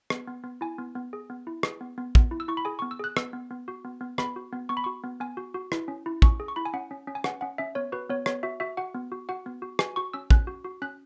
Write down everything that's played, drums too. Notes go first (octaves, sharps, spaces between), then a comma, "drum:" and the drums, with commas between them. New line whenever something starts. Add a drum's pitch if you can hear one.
B3, drum: rim click
B3
B3
E4 G#5
B3
B3
G#4
B3
E4
G#4, drum: rim click
B3
B3
B3, drum: kick
E4
E6
E4 C#6
B5
G#4 G#5
B3 C#6
E6
G#4 F#6
B3 E6, drum: rim click
B3
B3
F#4
B3
B3
B3 B5, drum: rim click
F#4
B3
B3 C#6
B5
F#4 C#6
B3
B3 G#5
F#4
F#4
E4, drum: rim click
C#4
E4
C#4 C#6, drum: kick
G#4
C#6
E4 B5
G#5
C#4 F#5
C#4
C#4
G#5
C#4 F#5, drum: rim click
C#4 F#5
C#4 E5
B3 C#5
F#4 B4
B3 C#5
B3 C#5, drum: rim click
F#4 E5
F#4 E5
F#4 F#5
B3
F#4
F#4 F#5
B3
F#4
F#4 G#5, drum: rim click
F#4 C#6
C#4 E6
C#4 F#6, drum: kick
F#4
F#4
C#4 F#6